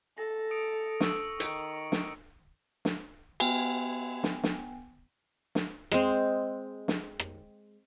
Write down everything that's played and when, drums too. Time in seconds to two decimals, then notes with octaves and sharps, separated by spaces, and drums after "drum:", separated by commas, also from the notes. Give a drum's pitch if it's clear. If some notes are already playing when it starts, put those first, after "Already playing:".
0.18 A4 A#6
0.51 D#6 C#7 D7
1.00 C#6 E6 D7, drum: snare
1.40 D#3 E6 C#7 D7, drum: hi-hat
1.92 drum: snare
2.85 drum: snare
3.40 B3 G5 G#5, drum: cymbal
4.23 drum: snare
4.44 drum: snare
5.55 drum: snare
5.91 G#3 C4, drum: rim click
6.88 drum: snare
7.20 drum: rim click